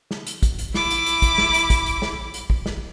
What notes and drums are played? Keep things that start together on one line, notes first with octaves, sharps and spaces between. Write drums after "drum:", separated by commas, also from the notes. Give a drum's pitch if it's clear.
drum: snare
drum: hi-hat
drum: kick, hi-hat
drum: hi-hat
E4 D6, drum: snare
drum: hi-hat
drum: hi-hat
drum: kick, hi-hat
drum: snare
drum: hi-hat
drum: kick, hi-hat
drum: hi-hat
drum: snare
drum: hi-hat
drum: kick
drum: snare